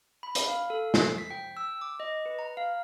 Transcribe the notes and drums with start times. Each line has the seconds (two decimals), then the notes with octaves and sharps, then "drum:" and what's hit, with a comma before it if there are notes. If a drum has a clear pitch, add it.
0.23 B5
0.35 drum: hi-hat
0.48 F5
0.70 A4
0.94 C7, drum: snare
1.18 B6
1.31 G5
1.57 E6
1.81 D6
2.00 D#5
2.26 B4
2.39 A#5
2.57 F5